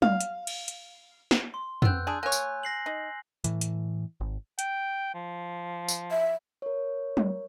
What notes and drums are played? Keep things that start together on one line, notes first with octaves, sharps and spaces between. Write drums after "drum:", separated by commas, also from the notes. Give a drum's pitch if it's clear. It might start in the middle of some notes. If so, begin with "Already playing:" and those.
F5, drum: tom F#3
drum: hi-hat
drum: cymbal
drum: hi-hat
drum: snare
C6
B3 C4 E6 F#6 G6, drum: tom
D4 G#4
A#3 C#5 G#5 F#6
drum: tambourine
A#6 C7 F#7
D#4
A2 E3, drum: hi-hat
drum: hi-hat
G#1
G5, drum: hi-hat
F3
drum: tambourine
E5
A#4 C#5
drum: tom F#3